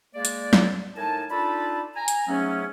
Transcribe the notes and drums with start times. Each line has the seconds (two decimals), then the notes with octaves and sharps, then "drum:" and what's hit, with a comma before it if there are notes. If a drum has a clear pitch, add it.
0.15 G#3 A#3 D5
0.25 drum: hi-hat
0.53 drum: snare
0.96 A2 D#4 A#4 G#5 A5
1.31 D4 D#4 F4 A4 A5 B5
1.96 G#5 A#5
2.08 drum: hi-hat
2.28 G#2 F#3 A3 B3 C#4